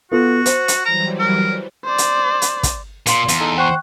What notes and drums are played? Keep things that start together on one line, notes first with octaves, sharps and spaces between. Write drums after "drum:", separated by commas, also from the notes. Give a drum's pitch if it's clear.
B3 F4 F#4 A4
C5, drum: hi-hat
drum: hi-hat
E3 F#3 G3 A#5
A#4
C5 D5
drum: hi-hat
drum: hi-hat
drum: kick, hi-hat
A#2 F5 C6 F#7, drum: hi-hat
E2, drum: hi-hat
D#4 A4
C5 F#5 G5 C#6 F#6